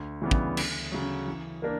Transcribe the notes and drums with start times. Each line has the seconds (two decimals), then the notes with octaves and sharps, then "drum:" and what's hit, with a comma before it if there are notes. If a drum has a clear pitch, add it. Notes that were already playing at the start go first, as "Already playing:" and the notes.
Already playing: D2
0.22 C#3 E3 G3 B3
0.31 drum: kick
0.57 D2, drum: cymbal
0.92 C#3 F#3
1.27 E3
1.62 A#3 D4 A#4